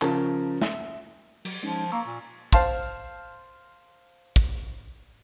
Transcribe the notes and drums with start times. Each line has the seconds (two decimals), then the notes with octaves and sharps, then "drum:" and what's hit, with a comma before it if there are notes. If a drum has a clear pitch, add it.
0.02 C#3 F3 A#4 A5, drum: clap
0.62 E5, drum: snare
1.45 F#3, drum: cymbal
1.63 F3 G#3 C#4 D#4
1.92 A#3 C#6 E6
2.07 A#2
2.53 C5 F5 A5 C6, drum: kick
4.36 drum: kick